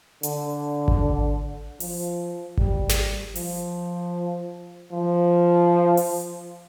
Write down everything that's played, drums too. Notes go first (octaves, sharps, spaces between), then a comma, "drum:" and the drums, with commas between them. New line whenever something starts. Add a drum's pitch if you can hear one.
D3, drum: hi-hat
drum: kick G#1
F3, drum: open hi-hat
G3, drum: kick G#1
drum: snare
F3, drum: open hi-hat
F3
drum: open hi-hat